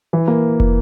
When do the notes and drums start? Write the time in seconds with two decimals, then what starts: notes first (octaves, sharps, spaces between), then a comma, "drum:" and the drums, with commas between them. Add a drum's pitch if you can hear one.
0.13 E3
0.28 A#3
0.60 drum: kick